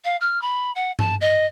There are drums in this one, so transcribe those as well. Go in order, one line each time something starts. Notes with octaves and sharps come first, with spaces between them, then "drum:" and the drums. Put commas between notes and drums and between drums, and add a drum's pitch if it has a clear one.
F5
F6
B5
F#5
A5, drum: tom G2
D#5